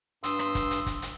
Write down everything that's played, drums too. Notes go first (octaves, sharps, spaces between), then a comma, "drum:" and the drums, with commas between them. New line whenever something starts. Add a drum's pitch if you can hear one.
G2 C6 D#6 E6, drum: hi-hat
drum: rim click
drum: kick, hi-hat
drum: hi-hat
drum: kick, hi-hat
drum: hi-hat